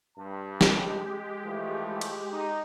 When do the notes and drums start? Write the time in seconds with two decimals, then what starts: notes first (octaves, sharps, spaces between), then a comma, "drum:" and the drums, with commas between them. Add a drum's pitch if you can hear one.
0.17 G2 A5
0.61 G#3 G4, drum: snare
1.44 E3 F3 A3
2.01 drum: cymbal
2.32 D#4